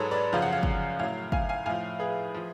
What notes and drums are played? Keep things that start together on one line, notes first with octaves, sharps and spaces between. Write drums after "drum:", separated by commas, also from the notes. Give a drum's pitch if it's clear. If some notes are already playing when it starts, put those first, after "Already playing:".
Already playing: G#2 F#3 G#4 A4 B4 C#5
B4 D5
F#2 C#3 F3 F5
F#5
C#5 F5
drum: kick
A2 F#3 C#5 F5
F5 G#5, drum: kick
F5 G#5
A2 F3 F5 G#5
G#4 B4
F3